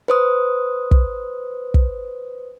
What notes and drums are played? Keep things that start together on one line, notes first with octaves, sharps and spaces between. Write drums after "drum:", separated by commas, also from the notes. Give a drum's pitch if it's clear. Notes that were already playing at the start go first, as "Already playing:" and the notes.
B4 C5 D#6
drum: kick
drum: kick